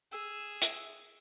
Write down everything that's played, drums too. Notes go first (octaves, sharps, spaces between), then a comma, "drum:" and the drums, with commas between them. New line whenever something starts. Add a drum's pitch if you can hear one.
G#4 E6
drum: hi-hat